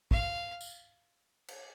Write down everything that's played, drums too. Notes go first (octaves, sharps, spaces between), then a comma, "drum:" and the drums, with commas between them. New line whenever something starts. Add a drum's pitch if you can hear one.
F5, drum: kick
drum: tambourine
drum: cymbal